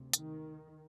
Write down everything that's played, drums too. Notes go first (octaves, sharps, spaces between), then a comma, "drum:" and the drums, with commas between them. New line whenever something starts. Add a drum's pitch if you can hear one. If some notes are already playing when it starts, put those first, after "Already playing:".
Already playing: D2 C3
D#3, drum: hi-hat